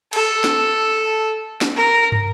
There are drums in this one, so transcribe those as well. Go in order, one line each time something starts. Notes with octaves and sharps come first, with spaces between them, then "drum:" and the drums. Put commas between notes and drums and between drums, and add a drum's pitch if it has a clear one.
A4, drum: cymbal
drum: snare
drum: snare
A#4
drum: tom